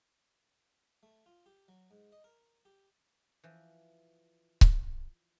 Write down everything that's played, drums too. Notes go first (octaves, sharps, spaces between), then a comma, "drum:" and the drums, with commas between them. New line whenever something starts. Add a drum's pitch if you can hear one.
A3
F4
G4
F#3
G#2
D#5
A#4
G4
E3 F3
drum: kick C#1